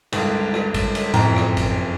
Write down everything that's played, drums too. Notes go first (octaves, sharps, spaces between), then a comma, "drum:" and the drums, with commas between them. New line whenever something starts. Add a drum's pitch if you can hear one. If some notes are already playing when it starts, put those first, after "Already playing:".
G1 C#2, drum: cymbal
drum: rim click
drum: kick, cymbal
drum: cymbal
F#1 F2 A2 A#5, drum: cymbal
drum: rim click
drum: kick, cymbal